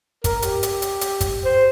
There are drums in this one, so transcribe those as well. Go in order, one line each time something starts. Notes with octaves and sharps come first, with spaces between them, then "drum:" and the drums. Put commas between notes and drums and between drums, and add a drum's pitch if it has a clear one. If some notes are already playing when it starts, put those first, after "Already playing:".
A#4, drum: kick, hi-hat
G4, drum: hi-hat
drum: hi-hat
drum: hi-hat
drum: hi-hat
drum: kick, hi-hat
C5